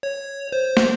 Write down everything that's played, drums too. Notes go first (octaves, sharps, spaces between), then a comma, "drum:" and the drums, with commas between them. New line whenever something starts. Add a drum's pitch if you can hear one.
C#5
C5
drum: snare